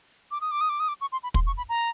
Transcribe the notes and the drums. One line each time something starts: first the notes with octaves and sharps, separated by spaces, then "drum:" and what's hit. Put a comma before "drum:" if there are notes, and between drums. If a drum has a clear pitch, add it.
D6
D#6
D6
D#6
D6
D#6
D6
C#6
C6
B5
C6, drum: kick
C#6
B5
A#5